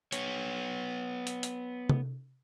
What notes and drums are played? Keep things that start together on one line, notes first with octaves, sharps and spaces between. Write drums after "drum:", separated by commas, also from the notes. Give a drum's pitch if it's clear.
B3 C#5, drum: hi-hat
drum: hi-hat
drum: hi-hat
drum: tom C3